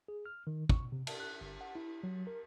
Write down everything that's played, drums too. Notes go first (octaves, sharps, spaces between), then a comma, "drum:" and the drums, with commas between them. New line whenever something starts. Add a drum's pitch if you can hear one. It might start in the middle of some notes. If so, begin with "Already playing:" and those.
G#4
F6
D#3
C#6, drum: kick
C3
A5, drum: cymbal
F#6
G1
F#5
E4
F#3
A#4